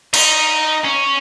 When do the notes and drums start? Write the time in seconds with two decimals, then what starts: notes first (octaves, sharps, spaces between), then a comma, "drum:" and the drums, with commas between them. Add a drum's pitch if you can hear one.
0.14 D#4, drum: cymbal
0.84 C#4